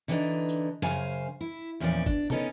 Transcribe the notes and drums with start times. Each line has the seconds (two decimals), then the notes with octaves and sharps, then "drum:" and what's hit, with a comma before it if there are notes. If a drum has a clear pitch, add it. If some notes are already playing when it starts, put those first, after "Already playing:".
0.08 D3 E3 G#3 C4 D4 D#4
0.49 drum: tambourine
0.82 F#2 C#3 C5 F5 G#5, drum: snare
1.41 E4
1.80 E2 A#2 F3 C#4 F#4 D5
2.06 D4, drum: kick
2.30 B3 C#4 D#4 A4 A#4, drum: tom